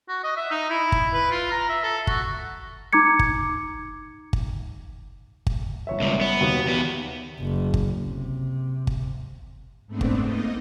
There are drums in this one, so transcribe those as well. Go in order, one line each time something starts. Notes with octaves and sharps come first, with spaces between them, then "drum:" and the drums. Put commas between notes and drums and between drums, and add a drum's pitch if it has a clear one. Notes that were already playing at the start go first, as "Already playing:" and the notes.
F#4
D#5
E5
D#4
E4
drum: kick G1
B4
F4
A#5
E5
A4
F#4, drum: kick G1
D#4 A#5 D6 G#6 C#7
drum: kick G1
drum: kick G1
drum: kick G1
G1 C#5 E5
C#2 A#2
B3
D#2 B2 A#3
E2 B3
F#1
drum: kick G1
C3
drum: kick G1
G#2 A3 B3 C4 D4
drum: kick G1
A#3 D#4 D#5